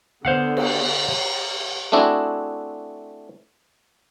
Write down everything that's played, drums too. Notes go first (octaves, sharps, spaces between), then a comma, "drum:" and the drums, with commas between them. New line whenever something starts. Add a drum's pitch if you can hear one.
D3 B3 C5 F5 F#5
drum: cymbal
A3 C4 D4 E4 F#4 G#4